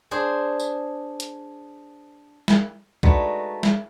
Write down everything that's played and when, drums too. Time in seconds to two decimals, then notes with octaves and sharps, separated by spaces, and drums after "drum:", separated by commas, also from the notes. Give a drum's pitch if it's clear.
0.11 D4 G#4 C5
0.60 drum: tambourine
1.20 drum: hi-hat
2.48 drum: snare
3.03 G#3 A3 D4 D#4 F#4 B4, drum: kick B1
3.63 drum: snare